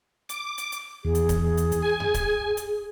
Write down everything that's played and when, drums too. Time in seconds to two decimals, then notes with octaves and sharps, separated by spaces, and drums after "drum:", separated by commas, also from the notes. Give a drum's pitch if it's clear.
0.29 D6, drum: hi-hat
0.58 drum: hi-hat
0.72 drum: hi-hat
1.05 E2 G#4
1.15 drum: hi-hat
1.29 drum: kick D1, hi-hat
1.57 drum: hi-hat
1.72 drum: hi-hat
1.82 G#5
2.00 drum: tom F2
2.14 drum: kick D1, hi-hat
2.57 drum: hi-hat